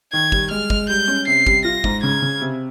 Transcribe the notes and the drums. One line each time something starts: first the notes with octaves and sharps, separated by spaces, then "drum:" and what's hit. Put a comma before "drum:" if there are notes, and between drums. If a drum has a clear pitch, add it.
D#3 G#6
G3, drum: kick
G#3 F6
G#3, drum: kick
G3 G6
C#4
C3 C7
G3, drum: kick
F4 A#6
G#2, drum: kick
C#3 G#6
C#3
C3